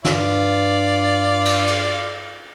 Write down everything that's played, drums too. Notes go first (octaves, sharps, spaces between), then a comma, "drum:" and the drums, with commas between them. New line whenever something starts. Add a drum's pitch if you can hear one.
G2 F4 D5, drum: snare
drum: cymbal
drum: cymbal